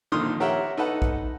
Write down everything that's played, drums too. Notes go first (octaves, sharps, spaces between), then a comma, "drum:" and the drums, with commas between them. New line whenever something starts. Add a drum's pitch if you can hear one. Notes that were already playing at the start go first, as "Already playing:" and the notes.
A#1 D3 D#3 C6 D#6 F6
G4 A#4 C#5 E5 F#5 G5
D#4 A4 B4 F#5
drum: kick A#1